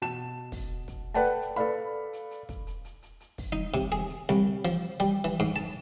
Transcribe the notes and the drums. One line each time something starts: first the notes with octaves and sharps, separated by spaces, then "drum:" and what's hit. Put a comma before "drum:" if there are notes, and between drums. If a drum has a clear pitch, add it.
B2 A5 E7
drum: kick, open hi-hat
drum: kick, hi-hat
A4 B4 D5 F#5 G5 A5
drum: hi-hat
drum: hi-hat
A4 B4 D5 F5 B5
drum: hi-hat
drum: hi-hat
drum: kick, hi-hat
drum: hi-hat
drum: hi-hat
drum: hi-hat
drum: hi-hat
drum: kick, open hi-hat
D#4
C3, drum: kick, hi-hat
G#4
drum: hi-hat
C2, drum: hi-hat
F3, drum: hi-hat
G3, drum: hi-hat
E3
G#2
A5, drum: hi-hat